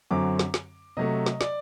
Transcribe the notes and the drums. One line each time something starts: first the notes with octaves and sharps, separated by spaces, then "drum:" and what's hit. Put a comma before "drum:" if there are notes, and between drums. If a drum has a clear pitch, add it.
F#2 D3 F#3 C4 D6
drum: snare
drum: snare
C3 F#3 A3 D#5
drum: snare
D5, drum: snare